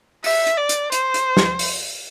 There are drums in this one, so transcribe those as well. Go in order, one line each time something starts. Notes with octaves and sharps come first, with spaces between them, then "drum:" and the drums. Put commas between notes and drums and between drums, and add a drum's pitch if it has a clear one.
E5, drum: open hi-hat
drum: hi-hat
D5
drum: hi-hat
C5, drum: hi-hat
drum: hi-hat
drum: snare
drum: open hi-hat